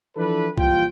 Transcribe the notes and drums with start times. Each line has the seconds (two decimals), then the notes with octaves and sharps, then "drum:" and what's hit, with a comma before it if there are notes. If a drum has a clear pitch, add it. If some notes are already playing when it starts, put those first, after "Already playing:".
0.17 E3 F3 D4 E4 A4 B4
0.58 A#2 E3 F3 G3 F4 G5, drum: kick